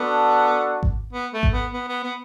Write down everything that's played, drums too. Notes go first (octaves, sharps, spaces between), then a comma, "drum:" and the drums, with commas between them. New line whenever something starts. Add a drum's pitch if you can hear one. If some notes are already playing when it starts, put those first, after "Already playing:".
Already playing: B3 D4 F#4 A4
drum: kick G#1
B3
A3
drum: kick G#1
B3
B3
B3
B3